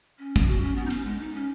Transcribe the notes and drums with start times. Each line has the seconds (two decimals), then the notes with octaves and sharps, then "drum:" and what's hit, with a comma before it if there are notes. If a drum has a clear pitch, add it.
0.19 C#4
0.36 drum: kick
0.48 F#4
0.62 C#4
0.76 B3
0.86 D#4
0.90 C#4, drum: cymbal
1.05 G#3
1.20 D#4
1.33 C#4